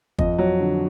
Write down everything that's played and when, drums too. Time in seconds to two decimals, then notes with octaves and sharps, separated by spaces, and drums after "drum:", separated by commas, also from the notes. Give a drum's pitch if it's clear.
0.18 F2 D#5, drum: kick
0.38 F#3
0.60 D3